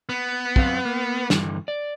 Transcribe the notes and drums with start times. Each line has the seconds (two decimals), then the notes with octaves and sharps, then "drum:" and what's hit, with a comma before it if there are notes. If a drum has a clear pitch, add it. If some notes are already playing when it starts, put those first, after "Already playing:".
0.09 B3
0.56 F#2 C4 F5, drum: kick
0.85 A#3
1.30 G2 D3 E3, drum: snare
1.68 D5